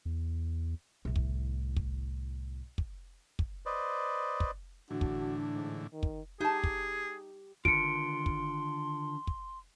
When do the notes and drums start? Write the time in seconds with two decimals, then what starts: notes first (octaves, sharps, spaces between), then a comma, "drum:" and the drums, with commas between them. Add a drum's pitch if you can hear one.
0.05 E2
1.05 C2 A2
1.16 drum: kick
1.76 drum: kick
2.78 drum: kick
3.39 drum: kick
3.66 B4 C5 D5 D#5
4.40 drum: kick
4.91 A2 D3 E3 D4 F#4
5.01 drum: kick
5.53 G#2
5.93 D#3
6.03 drum: kick
6.41 D#4 G4 G#4 A5
6.64 drum: kick
7.65 D3 D#3 F4 C6 C#7 D7, drum: kick
8.26 drum: kick
9.27 drum: kick